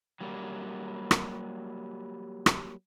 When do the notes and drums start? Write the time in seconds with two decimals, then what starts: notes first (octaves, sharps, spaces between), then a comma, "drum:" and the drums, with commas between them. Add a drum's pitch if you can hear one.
0.21 F#3 G3 A#3
1.11 drum: rim click
2.46 drum: rim click